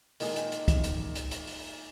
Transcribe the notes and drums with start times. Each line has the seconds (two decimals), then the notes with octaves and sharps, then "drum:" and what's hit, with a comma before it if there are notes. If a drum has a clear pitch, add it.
0.20 A#2 D#3 G#3 D#4 G#4, drum: open hi-hat
0.36 drum: hi-hat
0.52 drum: hi-hat
0.68 drum: kick, hi-hat
0.84 drum: hi-hat
1.15 drum: hi-hat
1.31 drum: hi-hat
1.47 drum: open hi-hat